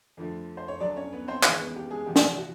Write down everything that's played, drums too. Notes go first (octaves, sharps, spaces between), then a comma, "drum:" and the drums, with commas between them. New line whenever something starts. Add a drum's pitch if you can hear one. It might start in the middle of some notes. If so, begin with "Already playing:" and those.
F2 D3 F3 A3
C5
C#5
D2 D3 F#3 D4 D5
C#4 C#5
B3 B4
C4 C5
D#2 C#3 E3 G#3 C#4 C#5, drum: clap
B3 B4
G4
G#3 G#4
E2 C3 F3 G4
drum: snare
F#4